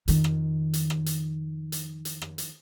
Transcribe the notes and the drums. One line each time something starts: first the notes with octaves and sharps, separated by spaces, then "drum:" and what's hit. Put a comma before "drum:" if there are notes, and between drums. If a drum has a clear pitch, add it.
F2 D#3, drum: hi-hat
drum: rim click
drum: hi-hat
drum: rim click
drum: hi-hat
drum: hi-hat
drum: hi-hat
drum: rim click
drum: hi-hat